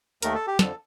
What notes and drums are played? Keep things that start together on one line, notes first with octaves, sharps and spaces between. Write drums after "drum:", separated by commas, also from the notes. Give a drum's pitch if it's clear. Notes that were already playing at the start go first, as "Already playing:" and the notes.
D#2 D#3 A3 A#4, drum: hi-hat
A4
G4
F2 D3 F3 A4, drum: snare